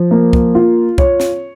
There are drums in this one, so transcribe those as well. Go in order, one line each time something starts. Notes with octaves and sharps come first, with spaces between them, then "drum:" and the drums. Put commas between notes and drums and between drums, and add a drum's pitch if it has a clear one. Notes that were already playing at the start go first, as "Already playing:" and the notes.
Already playing: F3
A#3
drum: kick C2
F4
C#5, drum: kick C2
drum: snare